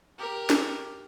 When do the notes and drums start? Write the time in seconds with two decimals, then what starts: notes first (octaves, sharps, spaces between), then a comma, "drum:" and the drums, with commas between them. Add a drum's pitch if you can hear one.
0.18 G4 A#4
0.50 drum: snare